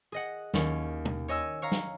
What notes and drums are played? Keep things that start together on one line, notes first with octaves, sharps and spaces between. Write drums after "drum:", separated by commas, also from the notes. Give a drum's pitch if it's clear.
G#4 D#5 F#5
D#2 C#4, drum: snare
drum: tom B2
C#5 D#5 G#5 E6
C#5 F5 A#5
drum: snare